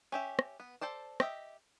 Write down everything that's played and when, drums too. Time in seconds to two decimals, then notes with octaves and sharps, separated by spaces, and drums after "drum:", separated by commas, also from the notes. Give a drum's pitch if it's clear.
0.12 C#4 G4 E5
0.39 drum: rim click
0.60 B3
0.81 A4 C5 D5 A5
1.20 G4 D#5 E5, drum: rim click